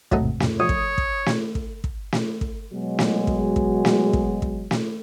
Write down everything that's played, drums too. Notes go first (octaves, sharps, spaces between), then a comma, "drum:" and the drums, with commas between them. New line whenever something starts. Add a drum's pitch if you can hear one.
E2 G#2 C3 F#3 A3 D#4, drum: kick
drum: snare
A#1 C#5 D#6
drum: kick
drum: kick
drum: snare
drum: kick
drum: kick
drum: snare
drum: kick
B2 F#3 G#3
drum: snare
drum: kick
drum: kick
drum: snare
drum: kick
drum: kick
drum: snare